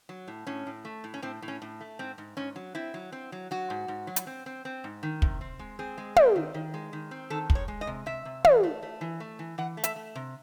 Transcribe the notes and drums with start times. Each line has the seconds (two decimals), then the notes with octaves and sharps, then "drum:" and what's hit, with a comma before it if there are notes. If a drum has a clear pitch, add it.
0.09 F#3
0.28 A2
0.47 A2 C#4
0.67 A2
0.85 A3
1.04 A2
1.14 C#4
1.22 A2 C4
1.42 A2
1.48 C#4
1.62 A2
1.81 A3
1.99 G#2 C4
2.18 G#2
2.37 G#2 C#4
2.56 F#3
2.75 C4 E4
2.94 F#3
3.12 C4
3.32 F#3
3.51 F#3 F#4
3.70 G#2
3.88 G#2
4.07 F#3
4.16 drum: hi-hat
4.27 C4
4.46 C4
4.65 C4
4.84 G#2
5.03 D#3
5.22 C3, drum: kick
5.41 C4
5.59 G#3
5.79 C4 G#4
5.98 G#3
6.16 C4, drum: tom
6.36 D#3
6.54 D#3
6.74 G#3
6.93 D#3
7.11 C4
7.30 D#3 A4
7.50 G#3, drum: kick
7.55 C#5
7.68 G#3
7.81 D#5
7.87 C3
8.06 C3 E5
8.25 C3
8.45 E3, drum: tom
8.63 A3
8.82 A3
9.01 E3
9.20 A3
9.39 E3
9.58 E3 F#5
9.77 A3
9.84 E5, drum: hi-hat
9.96 A3
10.15 C3